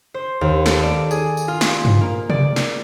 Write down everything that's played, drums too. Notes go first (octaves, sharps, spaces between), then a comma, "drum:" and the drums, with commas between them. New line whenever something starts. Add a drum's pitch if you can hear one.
C5
D#2
A4, drum: snare
D5
G#4, drum: tambourine
drum: tambourine
F4
drum: snare
drum: tom G2
A#3
D5, drum: tom C3
drum: snare